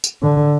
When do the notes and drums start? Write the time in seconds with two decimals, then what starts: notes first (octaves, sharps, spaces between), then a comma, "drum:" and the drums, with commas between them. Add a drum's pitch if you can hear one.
0.04 drum: tambourine
0.23 D3